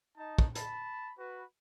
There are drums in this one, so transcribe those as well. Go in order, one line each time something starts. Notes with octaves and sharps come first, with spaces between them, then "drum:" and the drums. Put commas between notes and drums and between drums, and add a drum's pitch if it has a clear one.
D#4 D#5 A5
drum: kick
A5 B5, drum: hi-hat
F#4 B4